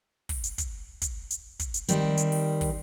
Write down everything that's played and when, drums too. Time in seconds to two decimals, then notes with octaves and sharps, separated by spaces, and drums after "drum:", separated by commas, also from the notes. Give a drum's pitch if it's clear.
0.29 drum: kick, open hi-hat
0.44 drum: hi-hat
0.58 drum: kick, hi-hat
1.02 drum: kick, hi-hat
1.31 drum: hi-hat
1.59 drum: kick, hi-hat
1.74 drum: hi-hat
1.88 D#3 G3 C4, drum: hi-hat
2.17 drum: hi-hat
2.32 drum: open hi-hat
2.61 drum: kick, open hi-hat